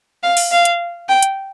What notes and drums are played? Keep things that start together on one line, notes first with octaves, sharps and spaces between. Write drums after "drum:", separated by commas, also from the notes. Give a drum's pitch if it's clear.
F5
drum: open hi-hat
F5
drum: hi-hat
G5
drum: hi-hat